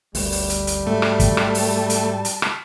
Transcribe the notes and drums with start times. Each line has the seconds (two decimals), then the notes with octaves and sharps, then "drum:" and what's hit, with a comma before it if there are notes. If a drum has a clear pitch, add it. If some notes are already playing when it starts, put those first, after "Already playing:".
0.15 G1 D2 G3, drum: open hi-hat
0.32 drum: open hi-hat
0.50 drum: hi-hat
0.67 drum: hi-hat
0.87 G#2 F#3 A3 A5
1.02 drum: rim click
1.20 drum: kick, hi-hat
1.37 drum: rim click
1.55 drum: open hi-hat
1.90 drum: hi-hat
2.25 drum: hi-hat
2.42 drum: rim click